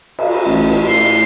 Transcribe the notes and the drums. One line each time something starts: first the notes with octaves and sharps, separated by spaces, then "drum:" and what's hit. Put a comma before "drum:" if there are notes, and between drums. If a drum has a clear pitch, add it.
drum: cymbal
A1
A2 C6